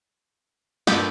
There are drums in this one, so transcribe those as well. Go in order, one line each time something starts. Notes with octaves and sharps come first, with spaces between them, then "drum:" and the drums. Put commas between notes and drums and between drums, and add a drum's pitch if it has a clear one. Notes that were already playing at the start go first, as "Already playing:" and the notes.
G2 A#2 A3 B3 G4 B4, drum: snare